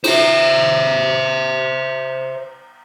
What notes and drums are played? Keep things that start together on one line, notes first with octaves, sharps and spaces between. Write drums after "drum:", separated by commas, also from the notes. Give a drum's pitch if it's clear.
C5 E5, drum: cymbal